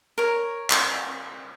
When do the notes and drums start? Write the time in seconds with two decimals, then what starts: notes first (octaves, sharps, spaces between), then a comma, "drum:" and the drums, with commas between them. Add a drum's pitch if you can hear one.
0.18 A#4 C#5
0.70 drum: clap